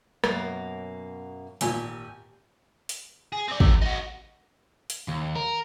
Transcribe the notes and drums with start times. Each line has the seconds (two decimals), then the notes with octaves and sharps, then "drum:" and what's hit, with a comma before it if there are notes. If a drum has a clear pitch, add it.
0.24 F#2 B2 A#3, drum: rim click
1.61 G#1 A#2 G4 G#5, drum: hi-hat
2.89 drum: hi-hat
3.32 G#4
3.48 C4 D5
3.60 C3 A3, drum: kick
3.82 D#4 F#4
4.90 drum: hi-hat
5.08 D#2
5.36 A#4